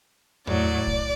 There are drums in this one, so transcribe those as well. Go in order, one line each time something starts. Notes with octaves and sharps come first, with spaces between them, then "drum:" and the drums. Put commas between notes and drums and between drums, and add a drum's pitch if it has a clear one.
A2 F#3 D5, drum: tom E2
drum: kick